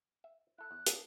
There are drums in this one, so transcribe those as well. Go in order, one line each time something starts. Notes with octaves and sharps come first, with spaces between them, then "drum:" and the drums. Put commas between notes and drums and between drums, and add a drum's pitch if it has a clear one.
E5
E4 A4 F#6
E2
G#4 A4, drum: hi-hat